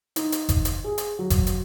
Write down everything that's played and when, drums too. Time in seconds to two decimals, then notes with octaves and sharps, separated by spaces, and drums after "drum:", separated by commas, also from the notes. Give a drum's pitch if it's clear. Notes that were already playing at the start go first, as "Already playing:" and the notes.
0.16 D#4, drum: hi-hat
0.32 drum: hi-hat
0.49 drum: kick F#1, hi-hat
0.65 drum: hi-hat
0.84 G#4
0.98 drum: hi-hat
1.19 F#3
1.30 drum: kick F#1, hi-hat
1.47 drum: hi-hat